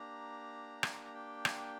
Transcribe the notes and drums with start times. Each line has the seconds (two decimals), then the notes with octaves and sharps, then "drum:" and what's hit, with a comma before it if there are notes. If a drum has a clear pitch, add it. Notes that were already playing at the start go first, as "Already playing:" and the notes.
Already playing: A#3 D4 G4 A#5
0.83 drum: rim click
1.04 A#5
1.14 G5
1.45 drum: rim click